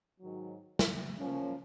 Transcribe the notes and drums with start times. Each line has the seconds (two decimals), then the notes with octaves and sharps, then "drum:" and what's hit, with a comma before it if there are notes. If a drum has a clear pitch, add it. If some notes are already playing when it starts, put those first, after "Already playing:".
0.21 G#2 D#3 F#3
0.79 drum: snare
1.19 F3 A#3 C#4